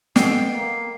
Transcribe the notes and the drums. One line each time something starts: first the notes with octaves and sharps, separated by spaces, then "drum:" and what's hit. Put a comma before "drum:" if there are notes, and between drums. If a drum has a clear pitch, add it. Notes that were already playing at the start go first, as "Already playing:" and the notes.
B3 A4 D#5 G5 C7, drum: snare
A#3